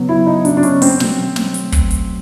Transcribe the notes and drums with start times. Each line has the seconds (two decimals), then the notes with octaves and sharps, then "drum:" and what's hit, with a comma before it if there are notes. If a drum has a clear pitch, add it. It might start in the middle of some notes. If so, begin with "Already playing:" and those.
Already playing: C#3 F#3 B3
0.09 E4
0.27 D#4
0.45 D4, drum: hi-hat
0.57 D4
0.63 C#4, drum: hi-hat
0.82 C4, drum: open hi-hat
1.00 B2 F#3 A3, drum: snare
1.36 drum: snare
1.54 drum: hi-hat
1.72 drum: kick, hi-hat
1.91 drum: hi-hat